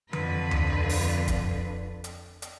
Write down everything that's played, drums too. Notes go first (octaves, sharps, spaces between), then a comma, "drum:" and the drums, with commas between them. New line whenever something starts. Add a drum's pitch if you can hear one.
F2 D3 F4 B4, drum: tom E3
drum: tom D2
drum: open hi-hat
drum: kick D1, hi-hat
drum: hi-hat
drum: hi-hat